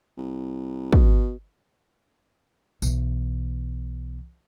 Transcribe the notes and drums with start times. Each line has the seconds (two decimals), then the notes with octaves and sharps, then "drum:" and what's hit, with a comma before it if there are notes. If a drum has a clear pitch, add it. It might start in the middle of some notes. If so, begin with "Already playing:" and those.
0.17 C2
0.93 B2, drum: kick
2.82 B1 E3, drum: tambourine